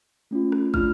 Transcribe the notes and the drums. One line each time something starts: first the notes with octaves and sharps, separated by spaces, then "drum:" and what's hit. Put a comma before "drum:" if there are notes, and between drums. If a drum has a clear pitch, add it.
A3 C#4 F4
drum: rim click
A3 D4 F4 F6, drum: kick